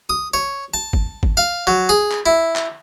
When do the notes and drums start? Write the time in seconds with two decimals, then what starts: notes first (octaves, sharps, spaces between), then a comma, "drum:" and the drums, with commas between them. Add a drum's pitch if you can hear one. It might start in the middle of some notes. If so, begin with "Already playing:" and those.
0.10 D#6
0.34 C#5
0.74 A5
0.93 drum: kick
1.23 drum: kick
1.37 F5
1.67 F#3
1.89 G#4
2.11 drum: clap
2.26 E4
2.56 drum: clap